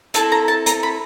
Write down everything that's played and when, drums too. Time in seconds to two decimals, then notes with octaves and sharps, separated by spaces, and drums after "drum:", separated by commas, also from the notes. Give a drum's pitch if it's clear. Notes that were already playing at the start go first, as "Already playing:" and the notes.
0.14 C4 E4 A4 A5, drum: hi-hat
0.32 A#5
0.48 A5
0.66 A#5, drum: hi-hat
0.83 B5